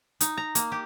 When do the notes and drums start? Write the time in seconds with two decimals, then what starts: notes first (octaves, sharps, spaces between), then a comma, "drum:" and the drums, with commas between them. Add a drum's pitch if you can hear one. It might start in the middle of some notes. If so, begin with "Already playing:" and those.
0.21 D#4, drum: hi-hat
0.37 A#5
0.55 A#3, drum: hi-hat
0.72 G4